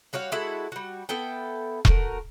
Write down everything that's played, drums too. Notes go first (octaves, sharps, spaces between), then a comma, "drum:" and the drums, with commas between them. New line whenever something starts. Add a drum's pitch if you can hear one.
G3 F#4 C#5 F5
G#3 E4 F#4 A4
G3 F#4
B3 E4 A4 G5
A3 F#4 A#4, drum: kick E1